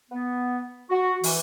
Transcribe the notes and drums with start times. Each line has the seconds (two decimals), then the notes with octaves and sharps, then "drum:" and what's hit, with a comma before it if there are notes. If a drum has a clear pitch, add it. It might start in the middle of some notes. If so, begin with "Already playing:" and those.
0.10 B3
0.90 F#4
1.23 E3, drum: open hi-hat